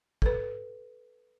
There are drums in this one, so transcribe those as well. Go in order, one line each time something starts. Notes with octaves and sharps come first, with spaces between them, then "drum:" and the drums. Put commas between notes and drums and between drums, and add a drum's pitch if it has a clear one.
A4 B4, drum: kick